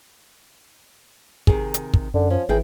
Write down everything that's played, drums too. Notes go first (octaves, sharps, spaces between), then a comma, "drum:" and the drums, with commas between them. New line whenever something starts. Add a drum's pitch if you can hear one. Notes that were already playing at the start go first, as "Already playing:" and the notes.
C3 D#3 G#4, drum: kick
drum: hi-hat
drum: kick
F#2 D3
F3 C#4
G#1 D#3 E3 G#4 G5